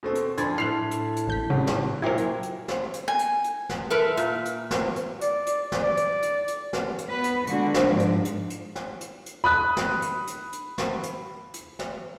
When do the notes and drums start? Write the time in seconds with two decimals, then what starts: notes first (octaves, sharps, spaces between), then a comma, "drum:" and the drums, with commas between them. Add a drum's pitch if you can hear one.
0.03 B2 A3 C4
0.15 drum: hi-hat
0.38 F#2 D3 F3 D4 B5 C6 G#6 A6, drum: hi-hat
0.58 A2 E4 F6 F#6 C7 F7
0.91 drum: hi-hat
1.16 drum: hi-hat
1.28 A1 G6 B6
1.50 G#2 C#3 G3 F#5
1.67 drum: snare
2.02 A#2 F#3 E4 A#4 C5 G5 G#6
2.18 drum: hi-hat
2.43 drum: hi-hat
2.68 drum: snare
2.94 drum: hi-hat
3.08 G#5
3.19 drum: hi-hat
3.44 drum: hi-hat
3.69 drum: snare
3.90 A3 A#4 B4
4.17 A#2, drum: hi-hat
4.45 drum: hi-hat
4.71 drum: snare
4.96 drum: hi-hat
5.21 D5, drum: hi-hat
5.47 drum: hi-hat
5.72 drum: snare
5.81 D5
5.97 drum: hi-hat
6.22 drum: hi-hat
6.48 drum: hi-hat
6.73 drum: snare
6.98 drum: hi-hat
7.10 B3 B4
7.24 drum: hi-hat
7.47 D3 G#3 F#4, drum: hi-hat
7.74 drum: snare
7.85 G#2 F3 D4
8.00 drum: hi-hat
8.25 drum: hi-hat
8.50 drum: hi-hat
8.75 drum: snare
9.01 drum: hi-hat
9.26 drum: hi-hat
9.44 B5 D#6 F#6
9.77 drum: snare
10.02 drum: hi-hat
10.27 drum: hi-hat
10.53 drum: hi-hat
10.78 drum: snare
11.03 drum: hi-hat
11.54 drum: hi-hat
11.79 drum: snare